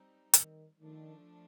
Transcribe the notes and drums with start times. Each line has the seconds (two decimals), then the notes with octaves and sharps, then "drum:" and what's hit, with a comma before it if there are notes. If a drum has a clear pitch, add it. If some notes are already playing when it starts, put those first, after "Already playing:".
Already playing: G3 C4 D#4
0.34 D#3, drum: hi-hat
0.80 D#3 F3 A3 D4